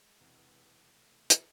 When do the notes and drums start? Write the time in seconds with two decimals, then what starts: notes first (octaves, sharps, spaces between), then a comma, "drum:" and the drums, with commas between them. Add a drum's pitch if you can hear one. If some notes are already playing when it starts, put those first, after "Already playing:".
Already playing: G#3
0.20 E1 E2 C3 E3
0.95 A3
1.30 drum: hi-hat